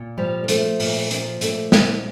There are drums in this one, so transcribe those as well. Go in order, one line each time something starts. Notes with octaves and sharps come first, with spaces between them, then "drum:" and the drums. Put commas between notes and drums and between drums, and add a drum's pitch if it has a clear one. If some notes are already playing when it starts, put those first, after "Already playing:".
Already playing: A#2
F3 G3
A#3
F3 A3, drum: hi-hat
A#2, drum: open hi-hat
F3, drum: hi-hat
A#2 A3, drum: hi-hat
A#2 D4, drum: snare
C4